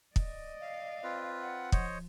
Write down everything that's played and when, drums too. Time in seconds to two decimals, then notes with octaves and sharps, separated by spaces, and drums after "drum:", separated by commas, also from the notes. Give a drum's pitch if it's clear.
0.16 D5 D#5, drum: kick
0.61 F5
1.03 C4 F4 B4
1.42 F#5
1.72 F3 C5 C#5 D#5, drum: kick